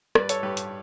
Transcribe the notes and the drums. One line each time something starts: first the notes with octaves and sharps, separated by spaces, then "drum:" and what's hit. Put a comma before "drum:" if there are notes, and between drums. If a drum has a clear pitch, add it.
G2 B4 D5, drum: rim click
A4 C#5, drum: hi-hat
G2 G4 B4
drum: hi-hat